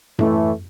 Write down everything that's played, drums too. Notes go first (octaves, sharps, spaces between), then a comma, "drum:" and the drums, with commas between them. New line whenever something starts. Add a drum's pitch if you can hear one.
A2 E3 A3, drum: tom F#2